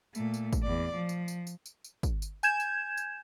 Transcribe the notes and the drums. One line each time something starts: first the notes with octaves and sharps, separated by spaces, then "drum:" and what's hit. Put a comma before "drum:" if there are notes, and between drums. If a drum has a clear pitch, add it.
A#2 A3, drum: tambourine
drum: tambourine
drum: kick, tambourine
E2 D5
F3
drum: tambourine
drum: tambourine
drum: tambourine
drum: tambourine
drum: tambourine
drum: kick, tambourine
drum: tambourine
G#5 G6 G#6 E7, drum: tambourine
drum: tambourine
drum: tambourine